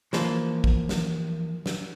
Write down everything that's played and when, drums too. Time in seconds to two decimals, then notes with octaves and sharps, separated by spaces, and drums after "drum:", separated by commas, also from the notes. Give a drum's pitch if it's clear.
0.13 E3 F3 A#3, drum: snare
0.64 drum: kick
0.89 drum: snare
1.66 drum: snare